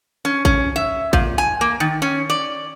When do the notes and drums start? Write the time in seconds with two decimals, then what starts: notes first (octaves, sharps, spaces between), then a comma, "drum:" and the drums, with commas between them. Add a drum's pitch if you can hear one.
0.25 C#4
0.45 C#4, drum: kick A1
0.76 E5
1.13 A#2, drum: kick A1
1.38 G#5
1.61 A#3
1.80 D#3
2.02 C#4
2.30 D5